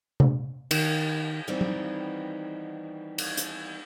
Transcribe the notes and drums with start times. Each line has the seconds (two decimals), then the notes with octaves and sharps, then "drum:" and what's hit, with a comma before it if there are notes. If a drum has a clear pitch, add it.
0.20 drum: tom C3
0.71 D#3, drum: cymbal
1.47 D#3 E3 G3 B3 C4 D#4
1.61 drum: tom F#3
3.18 drum: cymbal
3.37 drum: hi-hat